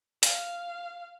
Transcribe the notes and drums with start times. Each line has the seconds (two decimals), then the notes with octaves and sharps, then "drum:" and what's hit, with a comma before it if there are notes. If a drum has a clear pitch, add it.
0.23 F5, drum: hi-hat